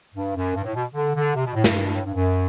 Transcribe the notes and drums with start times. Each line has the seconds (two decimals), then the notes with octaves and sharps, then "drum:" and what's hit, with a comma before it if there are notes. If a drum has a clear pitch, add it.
0.14 G2
0.35 F#2
0.55 G2
0.64 A2
0.74 B2
0.94 D3
1.15 D3
1.34 C3
1.45 B2
1.55 A2
1.64 G2, drum: snare
1.84 B2
1.94 A2
2.05 G2
2.14 F#2